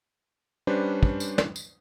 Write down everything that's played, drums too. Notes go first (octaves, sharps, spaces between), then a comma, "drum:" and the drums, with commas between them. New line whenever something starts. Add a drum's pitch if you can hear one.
G3 C#4 D4 B4 C5
drum: kick
drum: tambourine
drum: snare
drum: tambourine